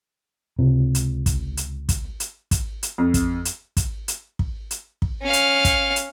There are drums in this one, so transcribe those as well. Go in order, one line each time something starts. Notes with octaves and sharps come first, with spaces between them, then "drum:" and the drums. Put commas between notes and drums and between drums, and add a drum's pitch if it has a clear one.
C#2 C3
drum: hi-hat
drum: kick, hi-hat
drum: hi-hat
drum: kick, hi-hat
drum: hi-hat
drum: kick, hi-hat
drum: hi-hat
F2
drum: kick, hi-hat
drum: hi-hat
drum: kick, hi-hat
drum: hi-hat
drum: kick
drum: hi-hat
drum: kick
C#4 F5
drum: hi-hat
drum: kick, hi-hat
drum: hi-hat